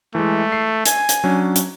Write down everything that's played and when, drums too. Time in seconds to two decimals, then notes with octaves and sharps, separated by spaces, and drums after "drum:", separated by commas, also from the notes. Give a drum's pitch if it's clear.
0.15 E3 G#3 A3
0.52 C7
0.86 G#5, drum: hi-hat
1.09 drum: hi-hat
1.24 F#3 C#4 D4
1.56 drum: hi-hat